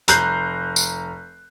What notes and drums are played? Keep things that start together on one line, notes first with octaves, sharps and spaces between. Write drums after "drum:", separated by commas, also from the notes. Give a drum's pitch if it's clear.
F1 A#5 F#6 G6 C7, drum: hi-hat
drum: tambourine